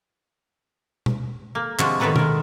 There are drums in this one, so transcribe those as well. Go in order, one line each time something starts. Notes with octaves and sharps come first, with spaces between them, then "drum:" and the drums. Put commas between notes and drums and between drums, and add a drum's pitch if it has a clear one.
drum: tom B2
A#3
C3 F3 G#3 D4 F#4, drum: clap
A2 D#3 B3 A4 B4 A#5
G#3 A#4, drum: tom